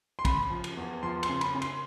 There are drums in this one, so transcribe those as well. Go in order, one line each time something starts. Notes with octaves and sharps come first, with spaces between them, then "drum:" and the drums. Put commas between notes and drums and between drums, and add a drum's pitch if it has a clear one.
C6
C#3 B5, drum: kick, cymbal
F3
drum: cymbal
E2
F3 C6
C6, drum: cymbal
C#3
B5, drum: cymbal
C#3
C6, drum: cymbal